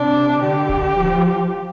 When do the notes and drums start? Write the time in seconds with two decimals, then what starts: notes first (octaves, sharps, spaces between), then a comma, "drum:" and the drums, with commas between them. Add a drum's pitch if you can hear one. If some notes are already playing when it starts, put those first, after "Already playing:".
Already playing: C3 D4
0.42 D3 G4
0.69 drum: kick D1
0.97 F3